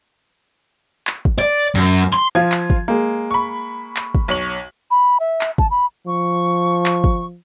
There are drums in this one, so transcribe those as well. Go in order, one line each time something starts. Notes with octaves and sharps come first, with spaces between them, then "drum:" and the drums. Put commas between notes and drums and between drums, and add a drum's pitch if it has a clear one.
drum: clap
drum: kick
D5
F#2
C6
F3 F4 G#6
drum: clap
drum: kick
G#3 A#3
B5 C#6
drum: clap
drum: kick
B1 C#5 F#7
B5
E5
drum: clap
A5, drum: kick
B5
F3 C#6
drum: clap
drum: kick